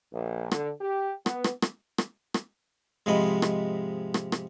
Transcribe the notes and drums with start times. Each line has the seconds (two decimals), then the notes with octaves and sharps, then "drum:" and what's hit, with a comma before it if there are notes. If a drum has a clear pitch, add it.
0.13 A#1
0.51 D3, drum: rim click
0.81 G4
1.26 B3, drum: rim click
1.44 drum: rim click
1.62 drum: rim click
1.98 drum: rim click
2.34 drum: rim click
3.06 G#2 C3 F3 G#3 D#5 B5
3.42 drum: rim click
4.14 drum: rim click
4.32 drum: rim click